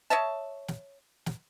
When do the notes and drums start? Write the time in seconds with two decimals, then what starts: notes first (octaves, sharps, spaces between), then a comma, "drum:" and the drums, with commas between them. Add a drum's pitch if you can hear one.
0.10 C#5 D#5 E5 A5
0.68 drum: snare
1.26 drum: snare